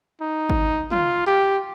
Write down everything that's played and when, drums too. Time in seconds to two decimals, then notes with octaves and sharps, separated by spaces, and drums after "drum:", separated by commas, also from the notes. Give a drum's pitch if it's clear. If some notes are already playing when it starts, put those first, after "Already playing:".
0.21 D#4
0.50 drum: kick G#1
0.91 F4, drum: tom
1.27 G4